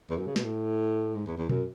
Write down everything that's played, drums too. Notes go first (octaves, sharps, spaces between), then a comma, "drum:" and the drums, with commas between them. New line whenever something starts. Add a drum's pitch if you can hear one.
E2
F#2
C#3
B2, drum: snare
A2
G#2
E2
E2
F#2, drum: tom B2